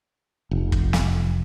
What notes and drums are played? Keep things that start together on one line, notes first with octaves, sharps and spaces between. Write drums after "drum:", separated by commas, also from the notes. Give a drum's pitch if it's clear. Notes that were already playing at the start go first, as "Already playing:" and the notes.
F1
drum: kick
drum: snare